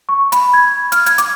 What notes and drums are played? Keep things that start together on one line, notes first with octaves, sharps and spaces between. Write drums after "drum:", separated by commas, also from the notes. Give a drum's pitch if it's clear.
C#6
B5, drum: hi-hat
G#6
G#6
F6, drum: hi-hat
G#6, drum: hi-hat
D6, drum: hi-hat